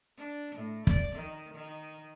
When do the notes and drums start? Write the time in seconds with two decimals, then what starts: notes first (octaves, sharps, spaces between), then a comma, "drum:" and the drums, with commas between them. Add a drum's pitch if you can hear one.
0.17 D4
0.56 A2
0.87 D5, drum: kick
1.16 D#3
1.54 D#3